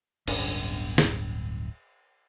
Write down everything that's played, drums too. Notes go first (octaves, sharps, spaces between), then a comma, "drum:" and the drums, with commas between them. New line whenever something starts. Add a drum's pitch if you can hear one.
D1 G1 C#4 D4, drum: cymbal
drum: snare